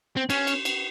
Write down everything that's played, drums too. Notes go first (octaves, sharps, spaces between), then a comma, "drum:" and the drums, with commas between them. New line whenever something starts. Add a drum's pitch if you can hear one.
C4
C#4, drum: cymbal
drum: cymbal
drum: cymbal